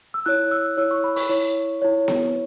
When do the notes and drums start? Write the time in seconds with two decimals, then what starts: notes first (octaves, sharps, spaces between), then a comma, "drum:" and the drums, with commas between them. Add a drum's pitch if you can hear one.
0.14 E6
0.26 E4 C#5 F#6
0.51 E6
0.77 E4 C#5 E6
0.91 C#6
1.04 B5
1.16 C#6, drum: open hi-hat
1.29 E4 C#5
1.82 E4 C#5
2.08 drum: snare B3